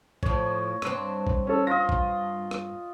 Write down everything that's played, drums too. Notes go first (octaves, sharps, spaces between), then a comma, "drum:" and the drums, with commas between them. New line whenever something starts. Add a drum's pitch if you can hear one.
A2 F3 C#5, drum: kick A#1
G2 C4, drum: rim click
drum: kick A#1
C#4 A4
F4 D#5 A#6
drum: kick A#1
drum: rim click